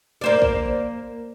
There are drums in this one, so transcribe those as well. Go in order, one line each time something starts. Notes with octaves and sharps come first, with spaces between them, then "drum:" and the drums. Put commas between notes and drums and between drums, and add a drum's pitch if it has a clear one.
A#3 C5 D5
drum: kick